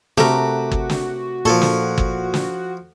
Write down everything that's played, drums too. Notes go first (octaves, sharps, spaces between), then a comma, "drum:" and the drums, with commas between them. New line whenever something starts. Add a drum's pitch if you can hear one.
C3 A3 F#4 G4 A#4, drum: snare
drum: kick G1
drum: snare
A#2 F3 A4 G#5 C#6
drum: snare
drum: kick G1
drum: snare